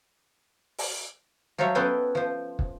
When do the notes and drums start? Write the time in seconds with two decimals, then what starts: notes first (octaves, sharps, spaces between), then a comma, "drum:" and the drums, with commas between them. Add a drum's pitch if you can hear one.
0.78 drum: open hi-hat
1.58 F3 F#3 F4 C5 C#5 E5
1.75 B3 C#4 A4 B4 C5 G5
2.15 F3 C5
2.59 drum: kick